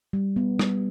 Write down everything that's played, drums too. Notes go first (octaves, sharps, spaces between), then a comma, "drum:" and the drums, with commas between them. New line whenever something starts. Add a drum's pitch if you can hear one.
G3
B3
G3, drum: rim click